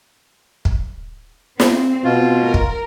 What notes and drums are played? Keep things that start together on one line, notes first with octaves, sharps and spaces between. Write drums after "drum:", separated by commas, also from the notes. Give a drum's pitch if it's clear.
drum: kick
C4, drum: snare
B2 F4
A#4
drum: kick